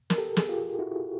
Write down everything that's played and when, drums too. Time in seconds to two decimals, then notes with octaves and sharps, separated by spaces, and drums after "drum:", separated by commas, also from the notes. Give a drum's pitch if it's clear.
0.10 A#4, drum: snare
0.18 G4 A4
0.37 G#4, drum: snare
0.49 F4 G4
0.79 E4 F#4